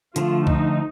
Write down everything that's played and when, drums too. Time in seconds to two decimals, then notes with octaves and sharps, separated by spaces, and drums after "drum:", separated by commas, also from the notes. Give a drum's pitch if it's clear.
0.16 D3 F3 A3 F4, drum: hi-hat
0.47 D#4, drum: kick C2